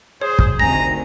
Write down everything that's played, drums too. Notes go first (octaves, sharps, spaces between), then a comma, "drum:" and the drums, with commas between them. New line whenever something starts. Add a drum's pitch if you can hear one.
G#4 C5 C#5 D#6
drum: kick
D2 C3 D#3 G#5 A#5 A#6